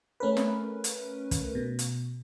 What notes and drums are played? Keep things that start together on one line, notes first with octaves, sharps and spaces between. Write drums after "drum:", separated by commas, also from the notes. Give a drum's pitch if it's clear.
A3 C#4 A#4 B4
drum: snare
drum: hi-hat
drum: kick, hi-hat
B2
drum: hi-hat